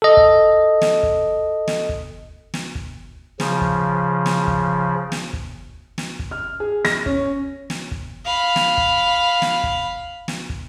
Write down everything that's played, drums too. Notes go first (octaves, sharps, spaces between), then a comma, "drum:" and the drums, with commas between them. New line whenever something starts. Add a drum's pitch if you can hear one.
A4 D#5
drum: kick
drum: snare
drum: kick
drum: snare
drum: kick
drum: snare
drum: kick
C#3 F3, drum: snare
drum: kick
drum: snare
drum: kick
drum: snare
drum: kick
drum: snare
drum: kick
F6
G#4
A#6, drum: snare
C#4, drum: kick
drum: snare
drum: kick
F5 B5
drum: snare
drum: kick
drum: snare
drum: kick
drum: snare
drum: kick